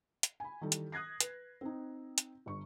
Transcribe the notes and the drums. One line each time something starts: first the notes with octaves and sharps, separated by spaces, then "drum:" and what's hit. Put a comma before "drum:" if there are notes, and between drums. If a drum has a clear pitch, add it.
drum: hi-hat
G#5 B5
D#3 E3 G3 A4
drum: hi-hat
D#6 F#6 G#6 A#6 C7
B4, drum: hi-hat
C4 D#4
drum: hi-hat
G1 C#6